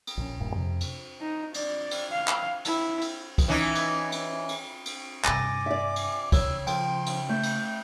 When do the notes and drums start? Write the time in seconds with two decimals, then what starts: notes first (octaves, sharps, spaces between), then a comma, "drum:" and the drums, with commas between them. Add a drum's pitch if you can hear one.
0.07 drum: cymbal
0.17 A#1 A#2 C#4
0.40 D#1 G2 A#2 B3
0.55 F2 C3
0.81 drum: cymbal
1.21 D#4
1.54 D5, drum: cymbal
1.91 drum: cymbal
2.11 F5
2.28 drum: clap
2.65 E4, drum: cymbal
3.01 drum: cymbal
3.38 drum: kick, cymbal
3.48 E3 C#4 D#4
3.75 drum: cymbal
4.12 drum: cymbal
4.49 drum: cymbal
4.85 drum: cymbal
5.24 G2 C3 G#5 D6 A6 A#6, drum: clap
5.66 D5 E5
5.96 drum: cymbal
6.32 C#3 C#5 E6, drum: kick, cymbal
6.67 F3 G5 C6, drum: cymbal
7.06 drum: cymbal
7.29 A3 G6
7.43 drum: cymbal